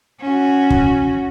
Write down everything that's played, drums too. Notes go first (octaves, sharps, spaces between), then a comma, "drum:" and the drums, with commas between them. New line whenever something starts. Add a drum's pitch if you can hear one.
C#4 F#4
drum: kick